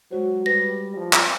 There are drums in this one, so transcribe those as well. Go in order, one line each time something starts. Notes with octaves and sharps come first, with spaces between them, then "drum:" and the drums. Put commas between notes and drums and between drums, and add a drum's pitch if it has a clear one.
F#3 G#3 F#4 C5
G3 B4 A#6
F3
drum: clap